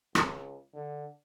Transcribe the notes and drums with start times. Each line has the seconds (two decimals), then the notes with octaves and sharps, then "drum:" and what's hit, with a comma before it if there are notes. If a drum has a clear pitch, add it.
0.15 C#2, drum: rim click
0.73 D3